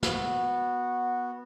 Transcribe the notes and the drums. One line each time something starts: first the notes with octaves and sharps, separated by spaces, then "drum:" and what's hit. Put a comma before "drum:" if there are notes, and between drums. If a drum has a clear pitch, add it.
B3 F#4, drum: snare